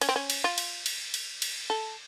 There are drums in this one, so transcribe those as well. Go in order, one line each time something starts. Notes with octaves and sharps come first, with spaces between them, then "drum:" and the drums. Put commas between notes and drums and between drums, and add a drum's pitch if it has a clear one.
C#4, drum: cymbal
C4
C#4
drum: cymbal
F4
drum: cymbal
drum: cymbal
drum: cymbal
drum: cymbal
A4